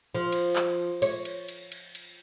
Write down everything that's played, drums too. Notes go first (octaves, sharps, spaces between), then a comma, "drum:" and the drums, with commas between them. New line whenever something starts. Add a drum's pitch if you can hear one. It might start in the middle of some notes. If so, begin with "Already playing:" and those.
F3
drum: cymbal
drum: clap
C#5, drum: cymbal
drum: cymbal
drum: cymbal
drum: cymbal
drum: cymbal